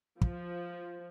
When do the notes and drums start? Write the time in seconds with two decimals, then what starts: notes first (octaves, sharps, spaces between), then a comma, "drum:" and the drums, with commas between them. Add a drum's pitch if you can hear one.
0.21 F3, drum: kick